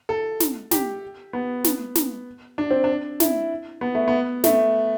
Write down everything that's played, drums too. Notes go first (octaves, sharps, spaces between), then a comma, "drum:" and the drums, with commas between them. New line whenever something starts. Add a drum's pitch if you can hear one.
A4
drum: snare
G4, drum: snare
B3
drum: snare
drum: snare
D4
C4
D4
E4, drum: snare
B3
A3
B3
A3, drum: snare